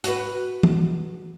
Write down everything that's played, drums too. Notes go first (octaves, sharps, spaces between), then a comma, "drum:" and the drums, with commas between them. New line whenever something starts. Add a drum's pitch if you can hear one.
F#4 B4, drum: hi-hat
drum: tom